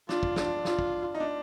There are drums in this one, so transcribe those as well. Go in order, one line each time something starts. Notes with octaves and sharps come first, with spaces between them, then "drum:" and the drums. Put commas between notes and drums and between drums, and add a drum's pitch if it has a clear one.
D4 F4, drum: snare
drum: kick
D4, drum: snare
F4, drum: snare
drum: kick
D#4
D4